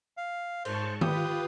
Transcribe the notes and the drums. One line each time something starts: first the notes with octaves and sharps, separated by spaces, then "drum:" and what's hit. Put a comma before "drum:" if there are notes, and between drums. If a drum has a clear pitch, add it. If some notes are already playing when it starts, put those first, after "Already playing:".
F5
G#2 C5 A5 C#6, drum: cymbal
F4 G4 B4 D#6, drum: tom D#3